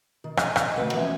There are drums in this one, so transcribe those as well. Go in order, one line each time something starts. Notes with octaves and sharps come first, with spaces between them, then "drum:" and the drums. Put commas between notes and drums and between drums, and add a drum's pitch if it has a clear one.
D#3
D#5, drum: rim click
drum: rim click
D2 F#4 B4 F#5
E3 F3 B3 C#4 E5 G#5